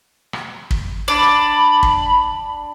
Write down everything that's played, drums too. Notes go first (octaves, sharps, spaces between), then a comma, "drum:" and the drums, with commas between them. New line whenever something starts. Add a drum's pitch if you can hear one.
drum: rim click
drum: kick
D4 D5 B5
drum: kick